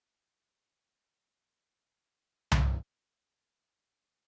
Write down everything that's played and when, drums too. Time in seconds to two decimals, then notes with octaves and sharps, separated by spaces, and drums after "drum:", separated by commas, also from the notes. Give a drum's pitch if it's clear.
0.22 C#3
2.52 drum: tom C2
2.87 A2 E3
3.47 F#1 D#2 A#2 G3 C4
3.89 C#3 E3 A#3 B3 C#4